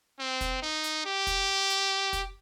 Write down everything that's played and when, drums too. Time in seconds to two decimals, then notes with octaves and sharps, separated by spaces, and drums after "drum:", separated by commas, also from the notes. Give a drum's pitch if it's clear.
0.19 C4
0.41 drum: kick, hi-hat
0.62 D#4
0.84 drum: hi-hat
1.06 G4
1.27 drum: kick, hi-hat
1.70 drum: hi-hat
2.13 drum: kick, hi-hat